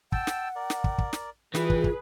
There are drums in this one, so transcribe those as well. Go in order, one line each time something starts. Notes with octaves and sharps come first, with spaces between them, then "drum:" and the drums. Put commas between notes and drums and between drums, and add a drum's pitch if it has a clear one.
F#5 G5 A5 E6, drum: kick
drum: snare
A#4 D5
drum: snare
drum: kick
drum: kick
drum: snare
E3 G3 F4 G#4 B4, drum: snare
drum: kick
drum: kick